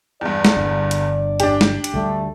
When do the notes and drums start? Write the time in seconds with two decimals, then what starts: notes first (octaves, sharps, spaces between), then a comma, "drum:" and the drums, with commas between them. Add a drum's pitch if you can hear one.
0.21 E2 G2 D5
0.45 drum: snare
0.57 G1 D3
0.91 drum: hi-hat
1.40 D4 G4, drum: hi-hat
1.61 drum: snare
1.84 drum: hi-hat
1.94 D2 G3 A3